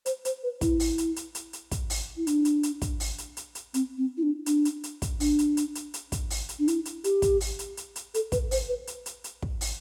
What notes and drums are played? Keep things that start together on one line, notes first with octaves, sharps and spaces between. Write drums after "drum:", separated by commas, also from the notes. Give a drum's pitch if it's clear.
C5, drum: hi-hat
C5, drum: hi-hat
B4
E4, drum: kick, hi-hat
drum: open hi-hat
drum: hi-hat
drum: hi-hat
drum: hi-hat
drum: hi-hat
drum: kick, hi-hat
drum: open hi-hat
E4
D4, drum: hi-hat
drum: hi-hat
drum: hi-hat
drum: kick, hi-hat
drum: open hi-hat
drum: hi-hat
drum: hi-hat
drum: hi-hat
C4, drum: hi-hat
C4
E4
D4
D4, drum: hi-hat
drum: hi-hat
drum: hi-hat
drum: kick, hi-hat
D4, drum: open hi-hat
drum: hi-hat
drum: hi-hat
drum: hi-hat
drum: hi-hat
drum: kick, hi-hat
drum: open hi-hat
drum: hi-hat
D4
E4, drum: hi-hat
drum: hi-hat
G4, drum: hi-hat
drum: kick, hi-hat
drum: open hi-hat
drum: hi-hat
drum: hi-hat
drum: hi-hat
A4, drum: hi-hat
B4, drum: kick, hi-hat
C5, drum: open hi-hat
B4
drum: hi-hat
drum: hi-hat
drum: hi-hat
drum: kick
drum: open hi-hat